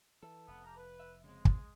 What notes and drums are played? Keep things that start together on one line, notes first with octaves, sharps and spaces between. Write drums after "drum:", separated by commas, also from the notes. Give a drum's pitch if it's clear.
E3 A4
F1 B3
G4 A#5
B4
E5
C#3 G#3 C4
drum: kick